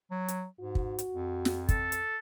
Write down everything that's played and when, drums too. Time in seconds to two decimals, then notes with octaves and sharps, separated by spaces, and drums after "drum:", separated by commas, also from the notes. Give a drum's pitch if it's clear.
0.11 F#3
0.28 drum: hi-hat
0.60 G#2 F#4
0.75 drum: kick
0.99 drum: hi-hat
1.13 F2
1.45 drum: snare
1.69 A4, drum: kick, hi-hat
1.92 drum: hi-hat